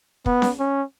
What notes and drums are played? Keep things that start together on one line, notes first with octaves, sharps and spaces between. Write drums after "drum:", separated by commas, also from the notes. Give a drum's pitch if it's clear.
B3, drum: kick
drum: snare C#4
C#4